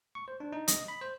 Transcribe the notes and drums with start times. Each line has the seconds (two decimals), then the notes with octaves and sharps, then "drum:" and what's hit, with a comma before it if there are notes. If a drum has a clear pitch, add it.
0.15 C#6
0.28 C5
0.40 D4
0.52 D#4
0.68 D#5, drum: hi-hat
0.88 B5
1.01 C5